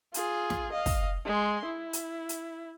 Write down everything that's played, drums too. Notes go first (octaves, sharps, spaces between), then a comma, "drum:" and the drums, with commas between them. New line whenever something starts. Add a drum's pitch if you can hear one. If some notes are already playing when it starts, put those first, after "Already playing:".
F4 G#4, drum: hi-hat
drum: snare
D#5 F5
drum: kick, open hi-hat
G#3 C6
E4
drum: hi-hat
drum: hi-hat